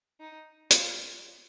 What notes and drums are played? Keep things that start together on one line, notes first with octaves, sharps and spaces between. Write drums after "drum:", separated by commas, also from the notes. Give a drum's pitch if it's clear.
D#4
F4, drum: hi-hat